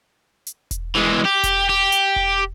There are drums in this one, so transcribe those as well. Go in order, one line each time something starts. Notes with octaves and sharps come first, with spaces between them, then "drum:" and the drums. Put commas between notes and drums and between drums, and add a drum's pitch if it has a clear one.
drum: hi-hat
drum: kick E1, hi-hat
E3 G#3
G4
drum: kick E1, hi-hat
G4
drum: hi-hat
drum: kick E1